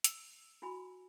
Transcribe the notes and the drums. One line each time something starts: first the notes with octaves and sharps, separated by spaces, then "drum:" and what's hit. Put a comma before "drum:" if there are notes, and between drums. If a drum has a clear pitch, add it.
E6, drum: hi-hat
E4 F#4 G#5 B5